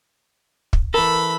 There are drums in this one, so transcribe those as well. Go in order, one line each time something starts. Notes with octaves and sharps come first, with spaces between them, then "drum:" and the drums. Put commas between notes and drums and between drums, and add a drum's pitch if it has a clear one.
drum: kick
E3 A4 A#4 B5